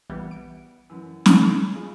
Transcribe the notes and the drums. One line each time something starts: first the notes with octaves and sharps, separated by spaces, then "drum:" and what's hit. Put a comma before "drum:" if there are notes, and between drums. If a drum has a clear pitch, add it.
A#1 E3 G3 B3
D7
F#2 E3
drum: snare
G#3 F4